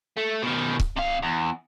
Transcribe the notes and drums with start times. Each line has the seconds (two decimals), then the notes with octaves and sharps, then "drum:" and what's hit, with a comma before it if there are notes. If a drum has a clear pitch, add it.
0.17 A3
0.42 B2 D#3
0.80 drum: kick
0.96 C3 F5
1.22 E2